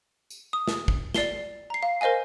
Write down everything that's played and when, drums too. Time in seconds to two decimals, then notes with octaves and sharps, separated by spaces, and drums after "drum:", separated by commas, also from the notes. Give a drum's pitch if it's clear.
0.30 drum: tambourine
0.53 D#6
0.68 drum: snare
0.88 drum: kick
1.15 D5 C7 G7, drum: snare
1.70 A#5 C7
1.83 F5
2.01 A#4 C5 D#5 F5 G#5